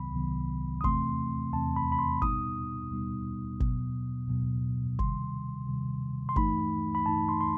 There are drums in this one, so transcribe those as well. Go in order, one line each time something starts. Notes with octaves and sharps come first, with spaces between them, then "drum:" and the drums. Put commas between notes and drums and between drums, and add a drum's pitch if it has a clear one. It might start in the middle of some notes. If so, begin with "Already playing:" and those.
Already playing: C2 C3 D#3 F#3 B3 B5
C2 C3 D#3 F#3 B3
D#6
E2 C3 E3 A3 C4 C6, drum: kick G1
E2 C3 E3 A3 C4 A5
B5
B5
C6
B2 G3 B3 D#4 D#6, drum: kick G1
B2 G3 B3 D#4
B2 F#3 B3, drum: kick G1
B2 F#3 B3
C3 D#3 G3 C6, drum: kick G1
C3 D#3 G3
C6
G2 E3 A3 D#4 B5, drum: kick G1
B5
G2 E3 A3 D#4 A5
C6
C6